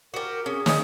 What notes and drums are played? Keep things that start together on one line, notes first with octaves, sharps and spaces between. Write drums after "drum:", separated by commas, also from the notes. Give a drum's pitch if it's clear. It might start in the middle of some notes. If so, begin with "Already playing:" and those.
F#4 G4 A#4
C#4 G#4
C#4 D#4 D#5, drum: snare